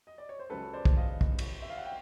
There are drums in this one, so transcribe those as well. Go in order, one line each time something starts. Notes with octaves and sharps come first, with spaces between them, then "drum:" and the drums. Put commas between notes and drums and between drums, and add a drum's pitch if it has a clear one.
D#5
D5
C#5
C5
C#2 C#3 F#3 A4 B4
C5 D5
drum: kick
D#5 F5
drum: kick
drum: cymbal
E5
F5
F#5
G5